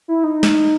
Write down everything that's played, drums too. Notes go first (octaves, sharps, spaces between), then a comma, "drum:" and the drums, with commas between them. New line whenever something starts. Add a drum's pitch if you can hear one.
E4
D#4
drum: snare